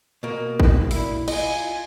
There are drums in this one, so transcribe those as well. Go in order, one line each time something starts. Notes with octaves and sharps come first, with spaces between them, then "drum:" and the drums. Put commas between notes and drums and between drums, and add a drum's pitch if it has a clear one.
B2 A#3
drum: kick
E4, drum: open hi-hat
F4 D#5 G#5, drum: cymbal